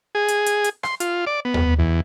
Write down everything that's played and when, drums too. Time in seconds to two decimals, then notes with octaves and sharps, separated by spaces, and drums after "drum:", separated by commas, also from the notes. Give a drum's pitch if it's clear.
0.15 G#4
0.28 drum: hi-hat
0.46 drum: hi-hat
0.64 drum: hi-hat
0.83 C6, drum: rim click
1.00 F4, drum: hi-hat
1.27 D5
1.45 B3
1.54 drum: tom D#2
1.79 E2